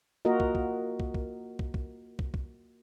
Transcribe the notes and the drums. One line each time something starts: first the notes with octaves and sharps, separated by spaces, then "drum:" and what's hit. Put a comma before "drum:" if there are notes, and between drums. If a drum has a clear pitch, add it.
A#3 F4 F#4 A#4 D#5
drum: kick
drum: kick
drum: kick
drum: kick
drum: kick
drum: kick
drum: kick
drum: kick